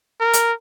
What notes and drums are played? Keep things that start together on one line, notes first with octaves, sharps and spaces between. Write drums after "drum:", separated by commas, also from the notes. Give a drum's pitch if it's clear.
A#4
drum: hi-hat